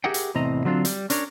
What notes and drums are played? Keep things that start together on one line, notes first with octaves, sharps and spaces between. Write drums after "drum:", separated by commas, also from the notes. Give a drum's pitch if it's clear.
G4 G#4 A#4 E5 F#5 G5
drum: hi-hat
E2 A2 C3 C4 D#5 A#5
D3 F#3 C4 D4 F4
G3, drum: hi-hat
C#4 D4 A#4 C#5, drum: hi-hat